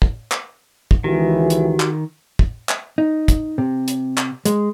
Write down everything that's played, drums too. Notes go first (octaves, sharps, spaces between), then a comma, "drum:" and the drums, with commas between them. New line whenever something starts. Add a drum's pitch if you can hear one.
drum: kick
drum: clap
drum: kick
C#2 D#3 E3 F#4 G4
drum: hi-hat
drum: clap
drum: kick
drum: clap
D#4
drum: kick, hi-hat
C3
drum: hi-hat
drum: clap
G#3, drum: hi-hat